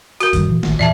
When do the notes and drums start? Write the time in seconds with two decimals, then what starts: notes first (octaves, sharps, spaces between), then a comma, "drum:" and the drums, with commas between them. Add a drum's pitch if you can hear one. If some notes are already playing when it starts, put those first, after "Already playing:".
0.20 F#4 A#4, drum: hi-hat
0.33 F#2 D#3 G3, drum: kick F1, hi-hat
0.46 A#2 E3
0.63 A1 D#3, drum: snare
0.79 E2 A#2 E3 D5 E5 A5